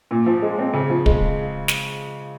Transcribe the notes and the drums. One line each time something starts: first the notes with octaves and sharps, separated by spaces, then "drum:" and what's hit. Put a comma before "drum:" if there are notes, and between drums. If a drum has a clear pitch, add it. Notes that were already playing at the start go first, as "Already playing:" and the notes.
A#2
F3
G#3
C4
C#3
F3
G#3, drum: kick
drum: snare